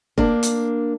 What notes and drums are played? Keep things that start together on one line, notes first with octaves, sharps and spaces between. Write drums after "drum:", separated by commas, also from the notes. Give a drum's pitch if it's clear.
A#3 D4, drum: kick F1
drum: hi-hat